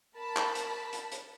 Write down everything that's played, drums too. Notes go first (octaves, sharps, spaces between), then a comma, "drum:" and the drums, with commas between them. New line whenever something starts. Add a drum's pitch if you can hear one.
A#4 A5 B5
drum: clap
drum: hi-hat
drum: hi-hat
drum: hi-hat